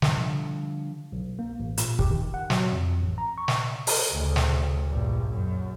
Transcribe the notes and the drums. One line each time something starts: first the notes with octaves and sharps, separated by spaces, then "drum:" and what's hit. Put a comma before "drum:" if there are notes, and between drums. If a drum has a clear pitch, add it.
D3 F3 G3, drum: snare
B1
A#3
A1
A#2, drum: hi-hat
G4, drum: kick
D#3
F#5
F#3, drum: snare
F2
A1
A#5
C#6
drum: snare
drum: open hi-hat
D2 C#3
drum: snare
A#1 G2
F#2